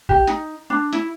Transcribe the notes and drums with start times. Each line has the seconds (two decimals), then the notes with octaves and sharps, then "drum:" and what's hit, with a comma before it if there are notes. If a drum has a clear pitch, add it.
0.09 G4, drum: kick A1
0.27 D#4, drum: hi-hat
0.70 D4
0.93 E4, drum: hi-hat